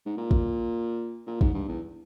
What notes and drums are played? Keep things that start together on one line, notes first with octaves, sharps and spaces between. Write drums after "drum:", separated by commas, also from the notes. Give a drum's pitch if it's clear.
G#2
A#2
drum: kick
A#2
G#2, drum: kick
G2
E2